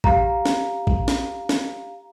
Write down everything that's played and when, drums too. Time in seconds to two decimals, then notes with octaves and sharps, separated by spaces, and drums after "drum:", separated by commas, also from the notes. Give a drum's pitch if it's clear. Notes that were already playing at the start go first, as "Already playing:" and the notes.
0.04 G4 F5 A#5, drum: kick A1
0.46 drum: snare
0.87 drum: kick A1
1.08 drum: snare
1.49 drum: snare